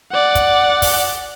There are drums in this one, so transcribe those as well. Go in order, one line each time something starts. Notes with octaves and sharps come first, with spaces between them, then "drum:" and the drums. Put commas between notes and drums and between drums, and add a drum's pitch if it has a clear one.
D5 F#5
drum: kick, hi-hat
drum: kick, open hi-hat